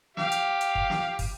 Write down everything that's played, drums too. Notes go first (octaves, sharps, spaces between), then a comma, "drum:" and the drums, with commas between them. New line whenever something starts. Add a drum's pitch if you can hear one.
G4 F5, drum: snare
drum: hi-hat
drum: hi-hat
drum: kick
drum: snare
drum: kick, open hi-hat